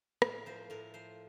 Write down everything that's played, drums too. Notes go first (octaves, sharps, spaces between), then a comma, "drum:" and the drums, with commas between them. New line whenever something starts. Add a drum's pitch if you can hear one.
A2 A#4, drum: rim click
F3 C5
A2 A#4
F3 C5